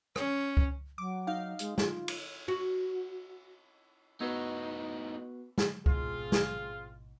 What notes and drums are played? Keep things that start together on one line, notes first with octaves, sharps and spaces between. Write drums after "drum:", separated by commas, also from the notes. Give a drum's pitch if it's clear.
C#4, drum: rim click
drum: kick C#2
F#3 D6
D#4 F5
G#3, drum: hi-hat
F4, drum: snare
drum: cymbal
F#4
A2 B3 D#4 F#4 B4
drum: snare
A1 G#2 B2 C4 F4 G#4, drum: kick C#2
drum: snare